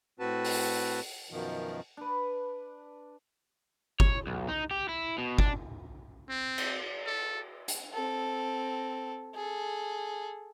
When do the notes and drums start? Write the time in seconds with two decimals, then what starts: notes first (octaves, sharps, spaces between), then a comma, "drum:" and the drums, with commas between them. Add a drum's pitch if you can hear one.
0.19 A2 C4 F#4 B4 A5
0.45 drum: open hi-hat
1.31 F#2 B2 D#3 F3
1.97 D4 B4
4.00 C#5, drum: kick G1
4.27 B1
4.48 D#4
4.71 G4
4.89 E4
5.18 B2
5.39 D4, drum: kick G1
6.30 C4
6.58 drum: cymbal
7.06 A4
7.68 drum: hi-hat
7.93 C4 A4
9.35 G#4 A4